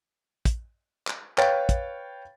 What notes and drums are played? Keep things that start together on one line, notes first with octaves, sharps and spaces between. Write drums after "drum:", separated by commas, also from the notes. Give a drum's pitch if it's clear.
drum: kick, hi-hat
drum: clap
B4 C#5 F5 G5 A6, drum: clap
drum: kick, hi-hat